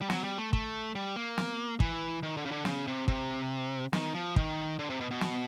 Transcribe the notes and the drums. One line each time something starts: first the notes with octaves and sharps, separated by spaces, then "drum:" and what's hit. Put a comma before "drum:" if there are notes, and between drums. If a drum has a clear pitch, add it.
G3
F#3, drum: snare
G3
A3
A3, drum: kick
G3
A#3
drum: snare
E3, drum: kick
D#3
D3
C#3
D3
C#3, drum: snare
C3
C3, drum: kick
D#3, drum: snare
F3
D#3, drum: kick
D3
C3
B2
B2
drum: snare